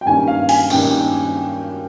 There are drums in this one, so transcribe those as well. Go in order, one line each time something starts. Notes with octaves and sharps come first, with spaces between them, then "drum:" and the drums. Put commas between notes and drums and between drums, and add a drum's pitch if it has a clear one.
G5
G2 D#3 A#3 C#4 G#5
F5
G#5, drum: open hi-hat
G2 D#3 A#3 C#4 G5, drum: cymbal